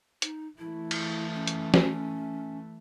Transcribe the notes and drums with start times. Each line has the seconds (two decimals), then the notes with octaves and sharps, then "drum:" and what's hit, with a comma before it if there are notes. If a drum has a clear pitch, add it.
0.22 D#4, drum: hi-hat
0.58 E3 A3 E4
0.91 drum: cymbal
1.34 C#4
1.47 drum: hi-hat
1.74 C#4, drum: snare